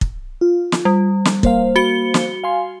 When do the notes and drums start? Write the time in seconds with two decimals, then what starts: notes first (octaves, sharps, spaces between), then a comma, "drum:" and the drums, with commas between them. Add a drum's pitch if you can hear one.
0.01 drum: kick
0.41 F4
0.72 drum: snare
0.85 G3
1.25 drum: snare
1.43 A#3 C5 F5, drum: kick
1.76 F#4 C#7 G7
2.14 drum: snare
2.44 F5 G#5 C6